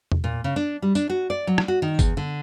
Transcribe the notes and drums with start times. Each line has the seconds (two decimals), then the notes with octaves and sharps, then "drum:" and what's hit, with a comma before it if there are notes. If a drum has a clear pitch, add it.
0.12 drum: tom E2
0.24 A#2
0.44 C#3
0.56 D4
0.82 G3
0.95 D4, drum: tambourine
1.10 F#4
1.30 D5
1.47 F#3
1.58 drum: rim click
1.68 F#4
1.82 D#3
1.99 E2, drum: kick, tambourine
2.17 D3